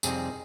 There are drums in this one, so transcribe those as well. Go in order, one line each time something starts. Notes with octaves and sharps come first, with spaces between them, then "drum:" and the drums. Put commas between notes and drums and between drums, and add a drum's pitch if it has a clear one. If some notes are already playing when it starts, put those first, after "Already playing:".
F2 C3 G3 C4 D#4 G#4, drum: tambourine